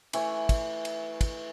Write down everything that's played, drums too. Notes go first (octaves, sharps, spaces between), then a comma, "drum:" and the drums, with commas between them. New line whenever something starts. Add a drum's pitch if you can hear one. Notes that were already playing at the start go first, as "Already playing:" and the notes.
E3 A3 G#5 C#6, drum: cymbal
drum: kick, cymbal
drum: cymbal
drum: kick, cymbal